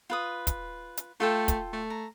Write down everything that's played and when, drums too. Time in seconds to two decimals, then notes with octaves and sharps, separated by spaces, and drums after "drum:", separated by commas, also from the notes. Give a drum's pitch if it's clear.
0.10 F4 B4 D#6
0.47 drum: kick, hi-hat
0.97 drum: hi-hat
1.20 A3 F4 A4 G5
1.48 drum: kick, hi-hat
1.73 A3
1.90 A#5